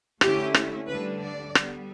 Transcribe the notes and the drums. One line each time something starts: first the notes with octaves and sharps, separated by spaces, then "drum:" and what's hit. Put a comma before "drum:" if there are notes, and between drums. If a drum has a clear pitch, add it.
D3 A3 C#4 E4 G4, drum: rim click
drum: rim click
D2 D3 G3 D4 B4
D5
D3 G3 B3, drum: rim click